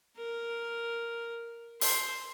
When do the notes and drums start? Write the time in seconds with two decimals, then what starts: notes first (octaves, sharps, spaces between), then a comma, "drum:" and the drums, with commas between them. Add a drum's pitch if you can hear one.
0.17 A#4
1.81 C5, drum: open hi-hat